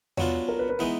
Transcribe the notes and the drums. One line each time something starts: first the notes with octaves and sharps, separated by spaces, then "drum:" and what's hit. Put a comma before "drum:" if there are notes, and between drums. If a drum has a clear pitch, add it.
F#3 B3 D4 F4 C#5, drum: tom E2
A#4
B4
B4
E3 G#3 B3 D#4